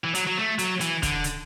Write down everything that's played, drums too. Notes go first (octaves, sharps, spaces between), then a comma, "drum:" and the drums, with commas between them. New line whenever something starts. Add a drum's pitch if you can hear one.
E3
F#3, drum: hi-hat
F#3
A3
F#3, drum: hi-hat
E3, drum: hi-hat
D3, drum: kick, hi-hat
drum: hi-hat